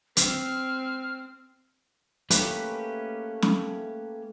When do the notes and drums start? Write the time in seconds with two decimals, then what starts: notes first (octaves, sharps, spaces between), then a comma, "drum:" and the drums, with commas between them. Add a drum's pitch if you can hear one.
0.17 C4 F6, drum: hi-hat
2.31 A3 A#3 C#4 G4 G#4 B4, drum: hi-hat
3.42 drum: snare